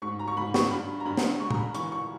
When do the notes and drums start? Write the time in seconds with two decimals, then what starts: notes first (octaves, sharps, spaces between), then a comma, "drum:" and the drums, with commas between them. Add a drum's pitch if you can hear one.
0.02 G#2 C#6
0.19 A#5
0.28 C#6
0.37 G#2 B5
0.54 C#6, drum: snare
0.71 G2 B5
1.00 A#5
1.05 G2 B5
1.17 drum: snare
1.40 G#3 C#6
1.51 A#5, drum: tom
1.57 B5
1.75 E3 C#6, drum: hi-hat
1.92 C#6